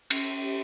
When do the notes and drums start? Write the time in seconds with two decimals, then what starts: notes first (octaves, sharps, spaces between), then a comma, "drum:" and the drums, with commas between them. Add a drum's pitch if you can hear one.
0.10 C#4, drum: cymbal
0.41 G4